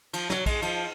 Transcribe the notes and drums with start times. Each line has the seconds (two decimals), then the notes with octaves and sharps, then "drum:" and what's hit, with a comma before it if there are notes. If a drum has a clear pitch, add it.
0.13 F3, drum: cymbal
0.30 F#3, drum: snare
0.46 G#3, drum: kick A#1, cymbal
0.62 F3, drum: cymbal